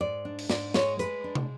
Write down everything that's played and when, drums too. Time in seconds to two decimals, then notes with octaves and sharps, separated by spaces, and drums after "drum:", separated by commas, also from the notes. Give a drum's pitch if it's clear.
0.01 G#2 D5
0.25 D4
0.38 drum: cymbal
0.50 G#2 D5, drum: snare
0.74 G#3 C#5, drum: snare
0.99 G#3 B4, drum: hi-hat
1.24 D4
1.35 drum: tom